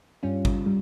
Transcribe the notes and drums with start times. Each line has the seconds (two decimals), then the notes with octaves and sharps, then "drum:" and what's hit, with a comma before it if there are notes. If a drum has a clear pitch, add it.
0.23 G2 G3 C#4 F4
0.45 drum: kick
0.66 G3